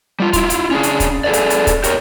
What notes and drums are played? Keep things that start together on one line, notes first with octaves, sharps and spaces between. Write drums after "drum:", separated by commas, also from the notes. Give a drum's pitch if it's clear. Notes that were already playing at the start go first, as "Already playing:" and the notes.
G3 F4
E4 F4, drum: kick, hi-hat
drum: hi-hat
C#4 D4 G#4
drum: hi-hat
drum: kick, hi-hat
G#4 A4 B4 D5
drum: hi-hat
drum: hi-hat
drum: kick, hi-hat
G4 A#4 C#5, drum: hi-hat